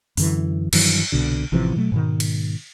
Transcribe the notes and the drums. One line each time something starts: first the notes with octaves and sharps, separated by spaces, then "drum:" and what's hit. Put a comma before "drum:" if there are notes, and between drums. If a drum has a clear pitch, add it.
F#2 D3 E3, drum: open hi-hat
G2 D#3 E3 F#3, drum: cymbal
C2 B2 D3
A1 C3 E3 F3
B2 F#3 A3
G#2 B2 D#3
drum: cymbal